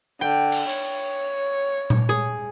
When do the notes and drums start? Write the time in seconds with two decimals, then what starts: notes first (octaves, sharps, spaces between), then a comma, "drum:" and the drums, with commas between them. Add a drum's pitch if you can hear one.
0.21 D3 G5
0.52 drum: cymbal
0.70 C#5, drum: hi-hat
1.90 drum: tom A#2
2.09 G#4